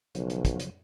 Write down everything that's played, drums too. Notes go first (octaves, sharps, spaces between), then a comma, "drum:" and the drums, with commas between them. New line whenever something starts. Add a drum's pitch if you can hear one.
B1 C#3 F3 F#3, drum: hi-hat
drum: hi-hat
drum: kick, hi-hat
drum: hi-hat